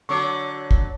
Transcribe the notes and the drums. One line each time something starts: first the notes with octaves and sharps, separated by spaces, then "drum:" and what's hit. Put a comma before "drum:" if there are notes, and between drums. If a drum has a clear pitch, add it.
D3 F#3 C#6 D6
drum: kick